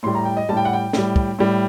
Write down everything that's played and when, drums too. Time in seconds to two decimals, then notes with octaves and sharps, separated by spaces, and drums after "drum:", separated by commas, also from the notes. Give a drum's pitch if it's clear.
0.03 A2 G3 C6
0.15 A#5
0.25 G5
0.37 D#5
0.49 A2 G3 A5
0.57 G5
0.65 F#5
0.73 G5
0.93 A2 G3, drum: snare
1.16 drum: kick
1.39 A2 G3